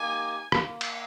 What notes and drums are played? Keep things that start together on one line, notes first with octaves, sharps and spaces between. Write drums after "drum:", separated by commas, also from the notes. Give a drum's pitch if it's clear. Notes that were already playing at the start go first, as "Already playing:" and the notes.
Already playing: A#3 D#4 G4 G#5
A#3, drum: rim click
drum: cymbal